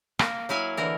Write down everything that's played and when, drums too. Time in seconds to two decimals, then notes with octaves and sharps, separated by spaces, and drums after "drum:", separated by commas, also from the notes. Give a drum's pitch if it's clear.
0.19 A#3, drum: rim click
0.49 F#3 E4 F5 G#5
0.77 D3 E3 A#4